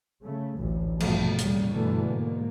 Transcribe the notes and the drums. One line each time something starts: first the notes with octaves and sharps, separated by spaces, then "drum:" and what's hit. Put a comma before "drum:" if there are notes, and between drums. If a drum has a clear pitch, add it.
C#3 A3
A1 D2 A2
A#1 G2 B2 F3 A3, drum: cymbal
D#2 A2 C#3 G3, drum: hi-hat
G2 B2 D3 E3 A3
G#2 A#3